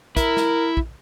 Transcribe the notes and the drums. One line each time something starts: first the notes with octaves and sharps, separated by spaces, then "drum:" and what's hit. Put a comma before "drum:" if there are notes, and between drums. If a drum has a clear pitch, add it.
E4 A#4, drum: kick, hi-hat
drum: snare
drum: kick